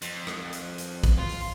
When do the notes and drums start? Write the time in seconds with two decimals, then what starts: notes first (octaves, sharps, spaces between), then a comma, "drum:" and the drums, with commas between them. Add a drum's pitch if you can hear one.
0.02 F2, drum: hi-hat
0.27 drum: rim click
0.53 drum: hi-hat
0.78 drum: hi-hat
1.04 drum: kick, hi-hat
1.18 F4
1.29 drum: open hi-hat